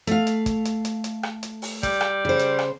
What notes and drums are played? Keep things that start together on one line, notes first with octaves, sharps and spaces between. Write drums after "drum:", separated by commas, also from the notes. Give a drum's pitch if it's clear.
A3 F5, drum: hi-hat
drum: hi-hat
drum: kick, hi-hat
drum: hi-hat
drum: hi-hat
drum: hi-hat
drum: rim click
drum: hi-hat
drum: open hi-hat
G3, drum: kick, hi-hat
drum: rim click
C#3 C5
drum: hi-hat
drum: rim click